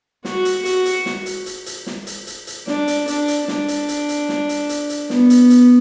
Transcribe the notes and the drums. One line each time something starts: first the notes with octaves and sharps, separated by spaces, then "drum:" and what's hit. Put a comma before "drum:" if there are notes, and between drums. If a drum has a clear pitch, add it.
F#4, drum: snare
drum: hi-hat
F#4, drum: hi-hat
drum: hi-hat
drum: snare
drum: hi-hat
drum: hi-hat
drum: hi-hat
drum: snare
drum: hi-hat
drum: hi-hat
drum: hi-hat
D4, drum: snare
drum: hi-hat
D4, drum: hi-hat
drum: hi-hat
D4, drum: snare
drum: hi-hat
drum: hi-hat
drum: hi-hat
drum: snare
drum: hi-hat
drum: hi-hat
drum: hi-hat
B3, drum: snare
drum: hi-hat
drum: hi-hat